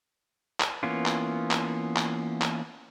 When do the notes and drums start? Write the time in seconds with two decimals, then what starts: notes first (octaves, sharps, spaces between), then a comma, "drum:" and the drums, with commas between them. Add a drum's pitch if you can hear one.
0.60 drum: clap
0.83 E3 A#3 B3 C#4 F4
1.06 drum: clap
1.51 drum: clap
1.96 drum: clap
2.42 drum: clap